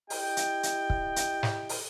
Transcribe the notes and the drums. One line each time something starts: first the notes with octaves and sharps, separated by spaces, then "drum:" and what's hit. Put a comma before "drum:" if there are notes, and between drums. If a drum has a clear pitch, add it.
E4 G4 D#5 G5, drum: open hi-hat
drum: hi-hat
drum: hi-hat
drum: kick
drum: hi-hat
drum: snare
drum: open hi-hat